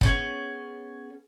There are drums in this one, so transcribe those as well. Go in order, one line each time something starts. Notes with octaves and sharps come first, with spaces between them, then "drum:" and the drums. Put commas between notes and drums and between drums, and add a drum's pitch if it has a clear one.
B3 C#4 G#4, drum: kick